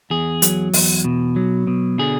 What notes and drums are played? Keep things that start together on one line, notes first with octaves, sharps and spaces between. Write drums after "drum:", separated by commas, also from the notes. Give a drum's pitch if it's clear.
E2 G#4
F#3, drum: hi-hat
E2, drum: open hi-hat
B2
F#3
B2
D3 G#4